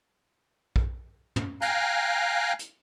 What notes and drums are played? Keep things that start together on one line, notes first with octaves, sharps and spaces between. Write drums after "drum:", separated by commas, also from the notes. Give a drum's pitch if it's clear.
drum: kick A#1
drum: tom
F5 G5 G#5 A#5 F#6, drum: hi-hat
drum: hi-hat